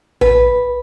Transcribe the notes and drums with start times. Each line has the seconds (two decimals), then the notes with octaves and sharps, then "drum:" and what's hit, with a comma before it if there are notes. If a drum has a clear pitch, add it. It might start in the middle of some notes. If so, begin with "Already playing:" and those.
0.21 B4, drum: tom A#1